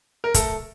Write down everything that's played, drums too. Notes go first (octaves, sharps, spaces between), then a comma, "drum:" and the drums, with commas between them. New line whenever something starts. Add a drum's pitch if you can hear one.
A#4
A3 A4, drum: kick, hi-hat